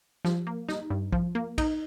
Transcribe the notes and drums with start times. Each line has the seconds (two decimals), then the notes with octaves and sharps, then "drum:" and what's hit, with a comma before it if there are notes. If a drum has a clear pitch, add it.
0.25 F3, drum: snare
0.47 A#3
0.69 D#4, drum: snare
0.91 G2
1.13 F3, drum: kick
1.35 A#3
1.58 D#4, drum: kick, cymbal